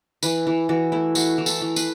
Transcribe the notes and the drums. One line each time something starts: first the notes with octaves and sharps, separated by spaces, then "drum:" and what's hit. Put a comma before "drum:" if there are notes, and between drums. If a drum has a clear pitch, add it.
E3 B4, drum: tambourine
E3
E3 F#4
A3 E4
A3 F#4, drum: tambourine
E3
A4, drum: tambourine
E3
B4, drum: tambourine